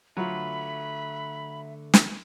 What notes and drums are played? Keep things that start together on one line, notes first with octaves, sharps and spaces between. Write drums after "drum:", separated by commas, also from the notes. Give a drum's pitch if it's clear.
D3 F#3 A3 F4 B4 E5 B5
drum: snare